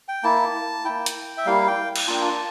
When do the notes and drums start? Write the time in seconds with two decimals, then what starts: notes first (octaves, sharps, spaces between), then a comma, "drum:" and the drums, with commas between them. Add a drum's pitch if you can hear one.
0.08 G5
0.23 A#3 E4 A5
0.85 A#3 E4 G5
1.06 drum: hi-hat
1.37 E5
1.46 G3 A#3 E4 F5
1.67 G5
1.96 drum: cymbal
2.07 A#3 D4 F4 A5
2.14 G5
2.22 A5